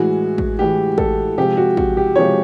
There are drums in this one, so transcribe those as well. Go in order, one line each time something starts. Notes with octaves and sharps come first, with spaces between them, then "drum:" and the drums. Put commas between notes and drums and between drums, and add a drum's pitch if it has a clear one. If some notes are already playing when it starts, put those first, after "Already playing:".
Already playing: A2 E3 G#3 F#4
drum: kick A1
A2 E3 G#3 G4
A4, drum: kick A1
C3 F3 G#3 G4
F#4
F#4, drum: kick A1
G4
C3 F3 G#3 C#5